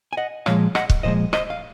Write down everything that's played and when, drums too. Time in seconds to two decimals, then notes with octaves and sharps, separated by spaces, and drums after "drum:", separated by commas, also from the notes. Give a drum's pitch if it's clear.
0.13 G#5
0.17 D#5 F#5
0.46 A#2 F3 G#3 C#5 F5, drum: rim click
0.75 D#5 F#5, drum: rim click
0.90 drum: kick
1.03 A#2 F3 G#3 C5 D#5
1.33 C5 D#5, drum: rim click
1.50 F5